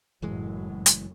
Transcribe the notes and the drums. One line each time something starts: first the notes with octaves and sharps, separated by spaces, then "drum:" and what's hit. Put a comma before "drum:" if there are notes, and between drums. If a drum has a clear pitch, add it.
F#1 F#2 A2 E3 F#3 G#3
drum: hi-hat